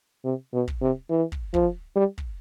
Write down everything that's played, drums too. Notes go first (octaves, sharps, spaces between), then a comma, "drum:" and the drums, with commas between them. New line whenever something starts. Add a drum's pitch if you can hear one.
C3
B2
drum: kick
C3
E3
drum: kick
F3, drum: kick
G3
drum: kick